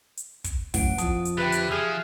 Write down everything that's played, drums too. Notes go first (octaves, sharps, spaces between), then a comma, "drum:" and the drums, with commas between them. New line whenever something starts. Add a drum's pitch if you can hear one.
drum: hi-hat
drum: kick, hi-hat
F#2 A2 E3 F#5 D7, drum: kick, open hi-hat
F2 F3 A5 D#6, drum: kick, hi-hat
drum: hi-hat
D3 G4 B4 E5 G5
drum: hi-hat
F3 G#4 E5 F6 F#6